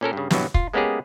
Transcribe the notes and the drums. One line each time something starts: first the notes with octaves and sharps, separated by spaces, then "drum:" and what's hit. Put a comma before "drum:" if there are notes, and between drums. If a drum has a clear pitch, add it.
A#2 C#4 A4 A#4
G2 C#3
G2 B2 E3 F#3, drum: snare
F4, drum: kick
G#3 A#3 B3 C#4 G4 G#4